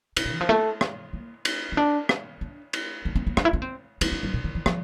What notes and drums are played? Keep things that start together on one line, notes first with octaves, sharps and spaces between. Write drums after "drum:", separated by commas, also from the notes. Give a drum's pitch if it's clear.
C3, drum: cymbal
A#2
E3
F3
A3
drum: rim click
A#3
drum: cymbal
C4
D4
drum: rim click
D4
drum: cymbal
D4
C4
A#3
D4, drum: rim click
E4
D4
C4
A3, drum: cymbal
A#3
G3
A#2
D3
E3
F3, drum: rim click